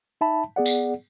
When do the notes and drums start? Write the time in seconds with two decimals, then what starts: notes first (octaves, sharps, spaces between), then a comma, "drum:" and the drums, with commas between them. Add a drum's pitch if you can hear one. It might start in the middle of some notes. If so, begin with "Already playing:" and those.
0.21 D#4 E5 A5 B5
0.56 B3 G#4 D5 F#5
0.66 drum: tambourine